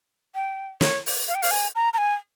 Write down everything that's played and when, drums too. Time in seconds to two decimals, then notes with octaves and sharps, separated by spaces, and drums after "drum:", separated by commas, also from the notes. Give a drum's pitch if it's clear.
0.35 G5
0.81 C#5, drum: snare
1.06 drum: open hi-hat
1.28 F5
1.35 G5
1.42 F5, drum: open hi-hat
1.51 G#5
1.75 A#5
1.93 A#5
1.98 G#5